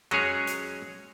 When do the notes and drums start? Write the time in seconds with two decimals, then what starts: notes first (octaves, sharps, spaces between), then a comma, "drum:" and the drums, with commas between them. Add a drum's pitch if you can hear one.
0.11 F#3 G#3 C#4 G#4 C#5, drum: rim click
0.47 drum: hi-hat